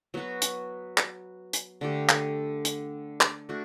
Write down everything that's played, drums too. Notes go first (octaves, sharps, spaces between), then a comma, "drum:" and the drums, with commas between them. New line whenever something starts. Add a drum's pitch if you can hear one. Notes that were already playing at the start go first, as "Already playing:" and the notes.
F#3 B3 F#4 B4
drum: hi-hat
drum: clap
drum: hi-hat
D3 A3 D4 G4
drum: clap
drum: hi-hat
drum: clap
A3 D4 F#4